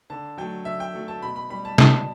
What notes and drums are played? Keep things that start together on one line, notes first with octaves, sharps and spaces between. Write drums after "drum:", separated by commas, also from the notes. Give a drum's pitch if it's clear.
D3 A5
F#3 A3 G5
D3 E5
G5
F#3 A3
A5
B2 B5
B5
G3 B5
A5
B2 A5, drum: snare